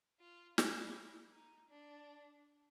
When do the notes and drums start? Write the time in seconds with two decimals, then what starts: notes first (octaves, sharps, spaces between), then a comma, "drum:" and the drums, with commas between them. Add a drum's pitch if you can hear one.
0.20 F4
0.58 E4, drum: snare
1.31 D#4
1.69 D4